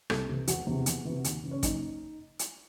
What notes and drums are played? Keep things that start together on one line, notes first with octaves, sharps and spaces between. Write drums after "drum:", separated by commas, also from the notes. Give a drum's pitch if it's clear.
C2 A4, drum: rim click
C3 E3
E1 F#4, drum: hi-hat
E2 C3
E2, drum: hi-hat
C3 E3
D#2, drum: hi-hat
C#3 E3
C#4
F#1 D#4, drum: kick, hi-hat
drum: hi-hat